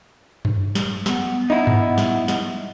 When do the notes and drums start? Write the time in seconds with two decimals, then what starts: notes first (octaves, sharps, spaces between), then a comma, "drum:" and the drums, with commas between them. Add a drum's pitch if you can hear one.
0.45 drum: tom F#2
0.75 drum: snare
1.06 B3, drum: snare
1.50 D#4 E4
1.67 drum: tom G2
1.98 drum: snare
2.28 drum: snare